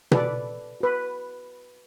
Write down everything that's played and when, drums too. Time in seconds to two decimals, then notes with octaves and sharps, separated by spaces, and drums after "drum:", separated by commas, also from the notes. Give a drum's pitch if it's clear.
0.12 A4 B4 D5, drum: tom B2
0.81 F#4 B4